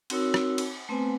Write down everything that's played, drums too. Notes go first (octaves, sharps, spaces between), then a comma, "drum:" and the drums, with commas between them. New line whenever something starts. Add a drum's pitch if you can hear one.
C4 D#4 F#4 A#4 C#5 E6, drum: cymbal
drum: rim click
drum: cymbal
A3 B3 C4 B4 C5 G#5